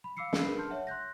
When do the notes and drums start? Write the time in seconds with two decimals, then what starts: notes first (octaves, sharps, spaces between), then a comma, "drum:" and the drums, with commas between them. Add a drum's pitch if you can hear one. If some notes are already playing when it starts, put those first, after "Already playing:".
0.04 B5
0.17 F5 B5 D6 E6 C7 C#7
0.33 drum: snare
0.42 D4 G#4 A#4 B4
0.58 A5 C6 F6 G6
0.70 C#5 E5 F#5
0.87 C6 F#6 G6 A#6